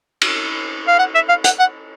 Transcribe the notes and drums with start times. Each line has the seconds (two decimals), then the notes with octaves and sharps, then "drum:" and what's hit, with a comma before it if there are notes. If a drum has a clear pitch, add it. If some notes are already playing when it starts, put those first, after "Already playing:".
0.22 drum: cymbal
0.87 F5
0.99 F#5
1.14 E5
1.29 F5
1.44 F#5, drum: hi-hat
1.59 F#5